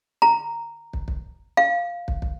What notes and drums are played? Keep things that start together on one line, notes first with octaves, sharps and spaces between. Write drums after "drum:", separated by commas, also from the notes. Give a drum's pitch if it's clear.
A#5
drum: kick
drum: kick
F5
drum: kick
drum: kick